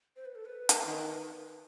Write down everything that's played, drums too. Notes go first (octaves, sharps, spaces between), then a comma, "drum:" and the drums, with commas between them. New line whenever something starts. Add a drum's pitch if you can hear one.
C5
B4
A4
B4
drum: hi-hat
D#3